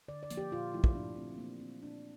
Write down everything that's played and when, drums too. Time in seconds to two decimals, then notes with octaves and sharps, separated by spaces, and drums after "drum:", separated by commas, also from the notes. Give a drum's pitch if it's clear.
0.08 D3 D5
0.23 D5
0.30 F3 A#3, drum: hi-hat
0.37 G4
0.51 A#2 F4
0.73 F3 A3 E4
0.84 drum: kick
0.95 A#2 D4
1.17 A3 C4
1.34 C4
1.38 E3 A#3
1.60 A#3 C4
1.82 A#2 D4